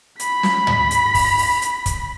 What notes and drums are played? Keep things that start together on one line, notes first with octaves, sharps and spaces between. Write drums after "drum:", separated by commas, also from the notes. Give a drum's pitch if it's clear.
B5 B6, drum: hi-hat
drum: snare
drum: tom
drum: hi-hat
drum: kick, open hi-hat
drum: open hi-hat
drum: hi-hat
drum: kick, hi-hat